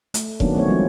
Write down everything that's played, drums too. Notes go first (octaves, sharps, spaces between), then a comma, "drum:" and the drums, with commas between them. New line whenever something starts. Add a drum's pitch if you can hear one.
A3, drum: hi-hat
D#3 F#3 A#3 B3 C#4 D4, drum: kick F1
F#3 A3 A#3 C4 F#4 C#5
F3 G3 G#3 A#3 C4